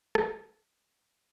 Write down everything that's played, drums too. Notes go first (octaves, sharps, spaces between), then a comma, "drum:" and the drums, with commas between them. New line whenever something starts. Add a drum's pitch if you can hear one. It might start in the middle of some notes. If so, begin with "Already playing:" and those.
F#5, drum: rim click
C4 E4 F#4 C5
D#4 F#4 G#4 F#5
F#5